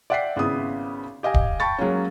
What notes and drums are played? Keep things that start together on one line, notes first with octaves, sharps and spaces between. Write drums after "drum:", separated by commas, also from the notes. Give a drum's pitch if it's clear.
D5 E5 F#5 G5 B6 C7
G#1 C#3 B3 E4 D#6
G4 D#5 F5 G#5
drum: kick
G5 A5 B5 C#6 A6
F#3 G#3 A#3 C#4